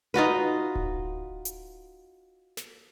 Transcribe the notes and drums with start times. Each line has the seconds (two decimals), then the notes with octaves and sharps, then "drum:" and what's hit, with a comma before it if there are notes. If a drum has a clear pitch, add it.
0.14 D#4 F4 F#4 B4
0.75 drum: kick D1
1.45 drum: hi-hat
2.57 drum: snare